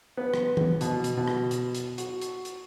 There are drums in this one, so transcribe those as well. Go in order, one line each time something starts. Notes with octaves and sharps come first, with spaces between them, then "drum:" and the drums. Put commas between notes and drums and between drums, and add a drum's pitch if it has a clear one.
B3
drum: rim click
drum: tom
B2, drum: hi-hat
drum: hi-hat
B2
drum: rim click
drum: hi-hat
drum: hi-hat
F#4, drum: hi-hat
drum: hi-hat
drum: hi-hat